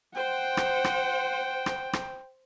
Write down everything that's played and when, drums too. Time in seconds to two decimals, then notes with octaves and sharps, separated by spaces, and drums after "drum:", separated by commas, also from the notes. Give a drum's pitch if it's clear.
0.16 C5 F#5 G5
0.57 drum: rim click
0.84 drum: rim click
1.66 drum: rim click
1.93 drum: rim click